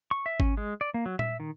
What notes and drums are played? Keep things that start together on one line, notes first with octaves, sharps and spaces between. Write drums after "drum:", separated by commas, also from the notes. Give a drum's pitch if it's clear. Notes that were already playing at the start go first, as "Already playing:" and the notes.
C#6
E5
C#4, drum: kick G#1
G#3
D5
A#3
F#3
E5, drum: tom A#2
D#3